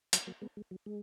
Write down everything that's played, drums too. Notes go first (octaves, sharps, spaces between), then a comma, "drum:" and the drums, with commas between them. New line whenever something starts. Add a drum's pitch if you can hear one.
F#3, drum: hi-hat
F#3 A#3
G#3 B3
G#3
F#3
G#3